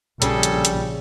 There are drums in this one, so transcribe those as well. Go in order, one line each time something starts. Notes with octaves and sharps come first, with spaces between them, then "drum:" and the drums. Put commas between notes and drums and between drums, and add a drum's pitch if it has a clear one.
A#1 C#3 G3 C#4 G#4 A4, drum: hi-hat
drum: hi-hat
drum: hi-hat